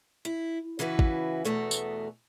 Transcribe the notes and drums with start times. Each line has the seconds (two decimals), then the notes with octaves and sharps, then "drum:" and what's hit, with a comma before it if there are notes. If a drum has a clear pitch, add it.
0.25 E4
0.79 C#3 E3 E4 F#4 B4
0.99 drum: kick
1.45 E2 B2 A3 B3
1.71 drum: tambourine